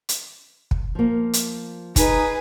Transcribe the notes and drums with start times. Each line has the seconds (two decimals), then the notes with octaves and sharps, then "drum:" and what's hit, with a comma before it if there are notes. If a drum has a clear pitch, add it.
0.09 drum: hi-hat
0.71 drum: kick
0.95 F3 A#3
1.33 drum: hi-hat
1.96 D#4 G#4 B4, drum: kick, hi-hat